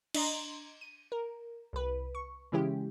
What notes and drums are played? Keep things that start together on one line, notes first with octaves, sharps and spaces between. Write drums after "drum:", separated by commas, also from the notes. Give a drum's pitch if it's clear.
D4 D#5 A#5 C6, drum: cymbal
D#7
A#4
C2 B4
C#6
C#3 E3 G#3 C#4 E4 G4